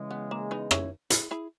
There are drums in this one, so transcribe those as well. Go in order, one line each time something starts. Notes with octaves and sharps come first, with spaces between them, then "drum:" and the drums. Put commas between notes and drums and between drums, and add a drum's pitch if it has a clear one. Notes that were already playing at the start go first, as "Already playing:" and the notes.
Already playing: C#3 E3 G#3
B3
A#3
B3 D#4
C#4 E4, drum: rim click
E4 G#4, drum: hi-hat
E4 G#4